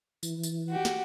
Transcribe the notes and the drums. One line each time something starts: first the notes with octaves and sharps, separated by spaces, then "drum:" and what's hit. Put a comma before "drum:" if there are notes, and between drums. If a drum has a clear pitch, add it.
E3, drum: tambourine
drum: tambourine
F#4 G4
drum: snare